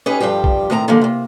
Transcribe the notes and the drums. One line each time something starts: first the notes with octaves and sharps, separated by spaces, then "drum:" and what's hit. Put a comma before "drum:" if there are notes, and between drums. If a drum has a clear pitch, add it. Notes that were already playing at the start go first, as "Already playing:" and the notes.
C#4 D#4 G4 G#4 B4
G2 F3 G3 G4
drum: kick
A2 D#3 C4 A5 A#5
D3 D#3 F3 G3 A#3
C3 A#3